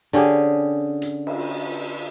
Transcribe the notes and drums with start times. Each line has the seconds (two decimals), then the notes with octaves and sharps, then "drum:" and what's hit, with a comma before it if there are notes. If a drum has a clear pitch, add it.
0.13 D3 C#4 G4 G#4
1.02 drum: hi-hat
1.27 drum: cymbal